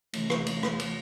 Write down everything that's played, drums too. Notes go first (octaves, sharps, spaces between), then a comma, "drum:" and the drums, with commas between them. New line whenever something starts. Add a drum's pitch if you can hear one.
C3 E3 A3, drum: cymbal
drum: rim click
drum: cymbal
drum: rim click
drum: cymbal